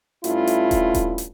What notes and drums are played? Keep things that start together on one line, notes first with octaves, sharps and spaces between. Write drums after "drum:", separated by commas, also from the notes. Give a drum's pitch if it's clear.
G2 A3 C#4 E4 F4, drum: hi-hat
drum: hi-hat
drum: kick D#1, hi-hat
drum: kick D#1, hi-hat
drum: hi-hat